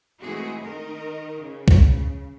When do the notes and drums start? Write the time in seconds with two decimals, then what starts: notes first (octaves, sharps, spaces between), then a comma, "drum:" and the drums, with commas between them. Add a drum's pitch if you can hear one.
0.22 E3 G#3 A3 C4 F#4 G#4
0.60 D#3 A#4 D#5
1.41 C#3
1.68 drum: kick C#2